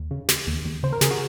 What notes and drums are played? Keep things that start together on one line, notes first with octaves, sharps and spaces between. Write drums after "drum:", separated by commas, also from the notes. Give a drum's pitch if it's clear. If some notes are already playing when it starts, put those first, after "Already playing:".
Already playing: D#2
C#3
C#3, drum: snare
D#2
D#2
C#3 C5
A#4
C#3 G#4, drum: snare
F#4